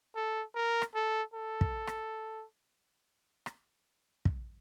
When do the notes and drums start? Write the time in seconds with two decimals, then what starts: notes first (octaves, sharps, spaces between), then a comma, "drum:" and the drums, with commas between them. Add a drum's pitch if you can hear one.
0.16 A4
0.55 A#4
0.82 drum: rim click
0.95 A4
1.34 A4
1.61 drum: kick
1.87 drum: rim click
3.46 drum: rim click
4.25 drum: kick